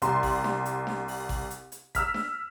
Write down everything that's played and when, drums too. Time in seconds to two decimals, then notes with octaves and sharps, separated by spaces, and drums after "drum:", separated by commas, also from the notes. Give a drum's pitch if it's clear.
0.02 C2 C6, drum: hi-hat
0.23 drum: kick G#1, open hi-hat
0.44 drum: snare D4
0.65 drum: hi-hat
0.87 drum: snare D4
1.08 drum: open hi-hat
1.29 drum: kick G#1, open hi-hat
1.50 drum: hi-hat
1.72 drum: hi-hat
1.95 E6 F6 B6, drum: kick G#1, hi-hat
2.14 drum: snare D4